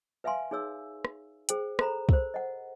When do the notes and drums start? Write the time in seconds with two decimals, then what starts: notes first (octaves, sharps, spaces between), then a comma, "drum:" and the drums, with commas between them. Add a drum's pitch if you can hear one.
0.24 B4 E5 F5 G#5 C6
0.51 D#4 G#4 C#5 E6
1.05 drum: rim click
1.49 G#4 C5 G5, drum: hi-hat
1.79 A4 C5 A#5 B5, drum: rim click
2.09 A#4 C5, drum: kick
2.34 D#5 F#5